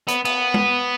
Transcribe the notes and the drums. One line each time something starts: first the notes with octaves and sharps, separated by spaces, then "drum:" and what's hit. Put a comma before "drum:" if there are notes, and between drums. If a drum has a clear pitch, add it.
B3, drum: hi-hat
B3, drum: cymbal
drum: tom G#3